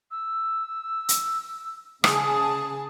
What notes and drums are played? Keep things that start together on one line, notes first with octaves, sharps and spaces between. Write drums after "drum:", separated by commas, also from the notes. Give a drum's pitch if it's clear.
E6
drum: hi-hat
C#3 G#4 A5 D#6, drum: rim click